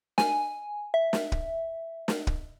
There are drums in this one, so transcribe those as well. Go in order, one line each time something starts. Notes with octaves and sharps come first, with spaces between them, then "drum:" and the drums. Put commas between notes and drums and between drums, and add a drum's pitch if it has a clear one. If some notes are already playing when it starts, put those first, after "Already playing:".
G#5, drum: snare
E5
drum: snare
drum: kick
drum: snare
drum: kick